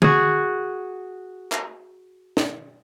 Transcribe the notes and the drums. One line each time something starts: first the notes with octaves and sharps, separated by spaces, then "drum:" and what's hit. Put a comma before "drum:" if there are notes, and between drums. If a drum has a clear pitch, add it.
F#4 G#4, drum: tom D3
drum: clap
drum: snare